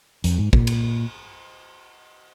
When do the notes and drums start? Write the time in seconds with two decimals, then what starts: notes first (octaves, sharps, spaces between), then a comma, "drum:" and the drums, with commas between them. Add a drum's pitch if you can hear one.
0.24 F2, drum: hi-hat
0.38 G#2
0.53 A#2, drum: kick
0.67 drum: cymbal